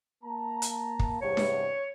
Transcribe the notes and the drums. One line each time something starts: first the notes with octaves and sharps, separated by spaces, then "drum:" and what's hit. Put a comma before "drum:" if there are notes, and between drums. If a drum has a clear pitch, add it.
A#3 A5 A#5
drum: hi-hat
drum: kick
E2 G2 C3 C#5
drum: snare D4